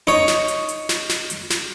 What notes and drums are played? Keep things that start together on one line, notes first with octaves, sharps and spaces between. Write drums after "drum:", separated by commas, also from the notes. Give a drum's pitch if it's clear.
D#4 C#5
drum: snare
drum: hi-hat
drum: hi-hat
drum: snare
drum: snare
drum: hi-hat
drum: snare